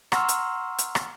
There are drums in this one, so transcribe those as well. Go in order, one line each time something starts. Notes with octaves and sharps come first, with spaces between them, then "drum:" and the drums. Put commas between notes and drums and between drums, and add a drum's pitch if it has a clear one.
F#5 A#5 C6 C#6 E6 F6, drum: rim click
drum: hi-hat
drum: hi-hat
drum: rim click